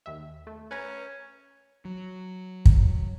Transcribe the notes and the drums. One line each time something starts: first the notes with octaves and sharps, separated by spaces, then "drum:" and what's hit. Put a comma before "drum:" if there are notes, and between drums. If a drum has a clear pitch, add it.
D#2 E5
A3
C#4 B4 G#5 A#5
F#3
drum: kick